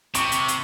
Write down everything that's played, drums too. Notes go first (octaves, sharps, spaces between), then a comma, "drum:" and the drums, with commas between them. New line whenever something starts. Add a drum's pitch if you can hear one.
C3 C#6, drum: hi-hat
drum: hi-hat
drum: hi-hat